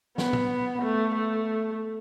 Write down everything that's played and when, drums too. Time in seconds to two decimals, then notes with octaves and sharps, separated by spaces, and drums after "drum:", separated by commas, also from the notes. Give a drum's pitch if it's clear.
0.18 B3, drum: snare
0.33 drum: tom
0.82 A3
1.15 A3